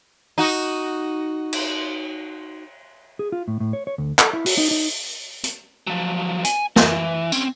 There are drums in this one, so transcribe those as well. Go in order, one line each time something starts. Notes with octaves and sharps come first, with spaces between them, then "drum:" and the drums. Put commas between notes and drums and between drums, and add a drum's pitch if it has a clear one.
D#4 F#4
drum: cymbal
G#4
F4
A2
A2
C#5
C#5
D2
A4, drum: clap
E4
F#4, drum: open hi-hat
D#4
D#4
drum: hi-hat
F3 F#3
G#5, drum: hi-hat
E3, drum: snare
C4 C#4, drum: tambourine